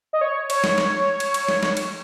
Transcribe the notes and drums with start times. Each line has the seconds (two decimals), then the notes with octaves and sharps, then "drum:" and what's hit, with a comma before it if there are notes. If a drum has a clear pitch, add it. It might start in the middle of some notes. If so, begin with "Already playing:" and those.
0.13 D#5
0.21 C#5
0.50 C#5, drum: cymbal
0.64 drum: snare
0.78 drum: snare
1.20 drum: cymbal
1.34 drum: cymbal
1.48 drum: snare
1.63 drum: snare
1.77 drum: cymbal